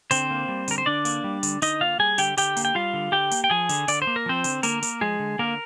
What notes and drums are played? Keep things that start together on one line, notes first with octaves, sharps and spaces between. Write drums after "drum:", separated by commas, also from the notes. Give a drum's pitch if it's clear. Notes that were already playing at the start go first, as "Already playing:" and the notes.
D3 C4 C5, drum: hi-hat
A#3
G3
D3 A#4, drum: hi-hat
C5
D3 D4 D5
A#3, drum: hi-hat
G3
D3, drum: hi-hat
D3 D#4 D#5, drum: hi-hat
A#3 F4 F5
G3 G#4 G#5
D3 G4 G5, drum: hi-hat
D3 G4 G5, drum: hi-hat
A#3, drum: hi-hat
G5
G3 F4 F5
D3
D3 G4 G5
A#3, drum: hi-hat
G5
F3 G#4 G#5
D3, drum: hi-hat
D3 D5, drum: hi-hat
C5
A#3
A#4
F3 C4 C5
D3, drum: hi-hat
D3 A#3 A#4, drum: hi-hat
A#3, drum: hi-hat
F3 G#3 G#4
D3
D3 A#3 A#4